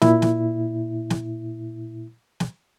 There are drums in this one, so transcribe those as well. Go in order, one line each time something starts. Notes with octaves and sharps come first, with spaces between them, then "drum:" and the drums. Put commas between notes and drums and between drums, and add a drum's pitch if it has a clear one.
A#2 E4, drum: snare
drum: snare
drum: snare
drum: snare